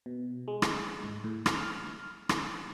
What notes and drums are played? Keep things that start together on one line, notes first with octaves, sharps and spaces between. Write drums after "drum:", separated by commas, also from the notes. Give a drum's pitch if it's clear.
B2
G#3
drum: rim click
G#2
A2
F6, drum: rim click
drum: rim click